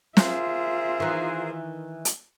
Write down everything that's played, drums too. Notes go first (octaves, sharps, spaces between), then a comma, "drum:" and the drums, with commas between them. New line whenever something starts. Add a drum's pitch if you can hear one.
F4 G#4 A#4 C5 E5, drum: snare
D#3 E3
drum: hi-hat